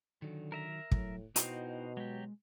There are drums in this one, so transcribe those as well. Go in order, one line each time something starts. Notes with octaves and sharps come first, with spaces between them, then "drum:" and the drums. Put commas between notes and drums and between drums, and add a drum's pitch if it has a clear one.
D3 D#3 F#3
A#4 E5 A#5
A2 F#3, drum: kick
B2 D#4 E4 F#4 C5 G5, drum: hi-hat
F#3 G#3 G4